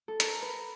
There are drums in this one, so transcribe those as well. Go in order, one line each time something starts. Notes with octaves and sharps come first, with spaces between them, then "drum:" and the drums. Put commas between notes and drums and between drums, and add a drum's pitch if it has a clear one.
A4
A#4, drum: hi-hat
B4